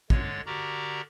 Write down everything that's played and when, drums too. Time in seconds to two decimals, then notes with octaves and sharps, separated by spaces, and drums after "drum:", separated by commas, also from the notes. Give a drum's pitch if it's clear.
0.10 D3 G#3 C#5 A6, drum: kick
0.46 D3 F#4 G4 A#4 D5 A#5